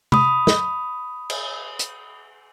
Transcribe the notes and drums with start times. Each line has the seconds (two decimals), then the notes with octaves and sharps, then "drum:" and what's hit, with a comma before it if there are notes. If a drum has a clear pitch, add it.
0.12 B5 D#6, drum: tom C3
0.47 drum: snare
1.30 drum: cymbal
1.79 drum: hi-hat